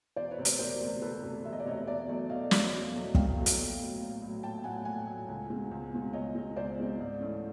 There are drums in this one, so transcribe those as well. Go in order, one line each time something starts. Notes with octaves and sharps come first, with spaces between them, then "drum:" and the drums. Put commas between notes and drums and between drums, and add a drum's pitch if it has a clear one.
E1 C5 D5
B4 C#5
D2 C3
B4 C#5, drum: hi-hat
E1 A#4 C5
D2 C3
E1 A4 B4
D2 C3
E1 E5
D#5
D5
D2 C3 C#5 D#5
E1 D5 E5
E2 B2 F#3 A3
E1 D#5 F5
E2 B2 F#3 A3, drum: snare
E1
E2 B2 F#3 A3
E1 F5 G5, drum: kick
E2 B2 F#3 A3
drum: hi-hat
A#1
A2 F#3
A#1
A2
F#3
A#1 G5 A5
A2 F#3 F#5 G#5
A#1 F#5 G#5
A2 F#3
C#2
B2 G#3 C4
C#2
B2 G#3 C4
C#2 C#5 D#5
B2 G#3 C4
C#2 C5 D5
B2 G#3 C4
G#2
E3 A3 C#4